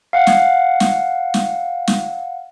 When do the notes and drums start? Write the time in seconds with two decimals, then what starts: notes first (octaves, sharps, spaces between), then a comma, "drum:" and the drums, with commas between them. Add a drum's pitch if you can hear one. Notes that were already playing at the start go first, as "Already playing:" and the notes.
0.13 F5 F#5
0.27 drum: snare
0.80 drum: snare
1.34 drum: snare
1.87 drum: snare